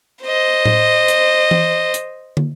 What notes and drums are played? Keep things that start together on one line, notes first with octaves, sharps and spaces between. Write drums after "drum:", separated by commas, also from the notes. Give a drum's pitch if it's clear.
C5 D#5
drum: tom A2
drum: hi-hat
drum: tom E3
drum: hi-hat
drum: tom